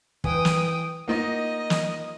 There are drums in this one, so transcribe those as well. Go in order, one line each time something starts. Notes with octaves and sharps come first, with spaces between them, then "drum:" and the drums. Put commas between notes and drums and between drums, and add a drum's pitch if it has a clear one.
E3 B4 G5 G#5 D#6, drum: kick
drum: snare
A#3 D#4 F4 D#5 F#5
drum: snare